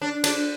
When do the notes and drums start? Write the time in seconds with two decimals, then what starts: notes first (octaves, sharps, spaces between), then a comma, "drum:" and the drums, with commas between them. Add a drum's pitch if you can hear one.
0.02 D4
0.24 D4, drum: cymbal